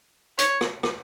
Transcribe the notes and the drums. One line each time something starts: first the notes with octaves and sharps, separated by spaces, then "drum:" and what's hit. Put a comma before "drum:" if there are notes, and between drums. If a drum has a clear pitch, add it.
C#5, drum: hi-hat
drum: rim click
drum: rim click